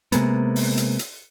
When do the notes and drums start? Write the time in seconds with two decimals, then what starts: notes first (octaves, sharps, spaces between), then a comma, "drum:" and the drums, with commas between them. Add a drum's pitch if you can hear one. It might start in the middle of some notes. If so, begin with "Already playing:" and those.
0.12 C3 G#3 A#3 B3, drum: hi-hat
0.56 drum: open hi-hat
0.77 drum: hi-hat
0.99 drum: hi-hat